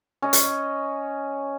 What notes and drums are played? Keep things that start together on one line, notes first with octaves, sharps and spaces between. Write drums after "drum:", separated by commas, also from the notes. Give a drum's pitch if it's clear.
C#4 D#5
drum: hi-hat